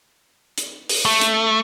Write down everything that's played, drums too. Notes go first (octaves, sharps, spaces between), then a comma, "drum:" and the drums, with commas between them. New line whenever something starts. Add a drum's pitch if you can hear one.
drum: hi-hat
drum: open hi-hat
A3
drum: hi-hat